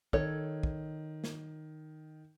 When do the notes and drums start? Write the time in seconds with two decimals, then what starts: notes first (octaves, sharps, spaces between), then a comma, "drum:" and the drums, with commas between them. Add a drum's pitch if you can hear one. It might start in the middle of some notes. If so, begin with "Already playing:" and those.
0.13 D#3 A4 C#5, drum: kick
0.63 drum: kick
1.24 drum: snare